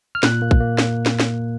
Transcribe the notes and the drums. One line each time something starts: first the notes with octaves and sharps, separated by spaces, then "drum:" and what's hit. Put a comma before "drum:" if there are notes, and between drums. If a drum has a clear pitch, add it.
F6
A#2 F#6, drum: snare
A#3
drum: kick
A#3
drum: snare
drum: snare
drum: snare